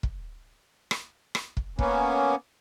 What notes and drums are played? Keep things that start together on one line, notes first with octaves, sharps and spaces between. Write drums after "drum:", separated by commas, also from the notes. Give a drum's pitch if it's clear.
drum: kick
drum: rim click
drum: rim click
drum: kick
A#3 B3 C#4, drum: kick